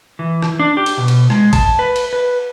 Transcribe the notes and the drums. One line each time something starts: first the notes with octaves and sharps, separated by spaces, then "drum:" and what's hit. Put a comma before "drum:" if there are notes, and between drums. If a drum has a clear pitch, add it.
E3
drum: rim click
D4
G4
drum: cymbal
B2
drum: cymbal
G#3, drum: rim click
A5, drum: kick, cymbal
B4
drum: cymbal
B4